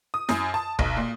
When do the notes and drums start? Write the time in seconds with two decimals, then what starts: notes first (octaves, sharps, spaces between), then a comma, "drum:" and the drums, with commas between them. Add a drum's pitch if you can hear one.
0.14 D#6
0.29 F#2, drum: snare E4
0.54 A5
0.79 B1, drum: kick
0.97 A#2